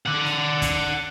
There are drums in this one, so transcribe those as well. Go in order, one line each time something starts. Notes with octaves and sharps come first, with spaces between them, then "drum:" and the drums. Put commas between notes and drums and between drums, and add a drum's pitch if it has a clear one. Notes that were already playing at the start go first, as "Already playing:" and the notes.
D5 F#5
drum: snare
drum: kick, hi-hat